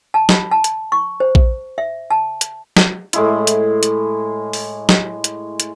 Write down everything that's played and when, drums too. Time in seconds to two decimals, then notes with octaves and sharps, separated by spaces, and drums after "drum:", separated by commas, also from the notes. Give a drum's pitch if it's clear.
0.14 A5
0.29 B5, drum: snare
0.51 A5
0.64 drum: hi-hat
0.92 C#6
1.20 C5
1.35 drum: kick A#1
1.78 E5
2.11 A5
2.41 drum: hi-hat
2.77 drum: snare
3.13 A2 G#3 E4, drum: hi-hat
3.47 drum: hi-hat
3.83 drum: hi-hat
4.53 drum: open hi-hat
4.89 drum: snare
5.24 drum: hi-hat
5.60 drum: hi-hat